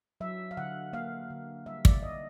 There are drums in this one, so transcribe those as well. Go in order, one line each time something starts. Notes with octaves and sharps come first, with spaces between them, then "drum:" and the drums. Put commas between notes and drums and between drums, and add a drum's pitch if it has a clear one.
F#3 E5
F5
D3 F#5
A#3 F5
D3
G3 E5
D5, drum: kick
D3 D#5